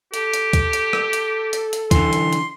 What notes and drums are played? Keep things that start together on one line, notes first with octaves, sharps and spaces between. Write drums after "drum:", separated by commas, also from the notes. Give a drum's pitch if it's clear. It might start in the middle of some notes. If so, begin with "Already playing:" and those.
G4 A4, drum: hi-hat
drum: hi-hat
drum: kick, hi-hat
drum: hi-hat
drum: rim click
drum: hi-hat
drum: hi-hat
drum: hi-hat
D3 E3 C6, drum: kick, hi-hat
drum: hi-hat
drum: hi-hat